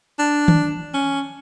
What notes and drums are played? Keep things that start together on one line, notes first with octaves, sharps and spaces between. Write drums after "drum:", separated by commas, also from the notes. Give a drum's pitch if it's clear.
D4
drum: tom D#3
C#4